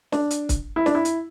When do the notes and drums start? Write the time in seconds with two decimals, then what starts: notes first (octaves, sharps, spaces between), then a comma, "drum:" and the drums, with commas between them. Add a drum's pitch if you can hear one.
0.12 D4, drum: snare
0.31 drum: hi-hat
0.49 drum: kick, hi-hat
0.76 E4
0.86 D4, drum: snare
0.95 E4
1.05 drum: hi-hat